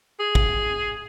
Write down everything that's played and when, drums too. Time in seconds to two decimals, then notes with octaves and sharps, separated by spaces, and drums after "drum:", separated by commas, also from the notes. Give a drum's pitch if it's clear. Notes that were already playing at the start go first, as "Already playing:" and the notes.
0.20 G#4
0.35 drum: kick